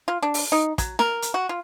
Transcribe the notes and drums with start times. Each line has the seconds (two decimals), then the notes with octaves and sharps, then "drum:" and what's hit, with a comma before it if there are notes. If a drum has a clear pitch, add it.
0.08 F4
0.22 D4
0.34 drum: open hi-hat
0.52 D#4
0.78 F#3, drum: kick, hi-hat
0.99 A#4, drum: snare
1.22 drum: hi-hat
1.34 F#4
1.49 F4